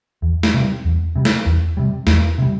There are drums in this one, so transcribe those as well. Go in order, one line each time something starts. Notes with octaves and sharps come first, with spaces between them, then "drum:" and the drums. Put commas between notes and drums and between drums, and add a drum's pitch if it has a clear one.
E2
drum: snare
C3 G3
E2
C3 G3
drum: snare
E2
C3 G3
E2, drum: snare
C3 G3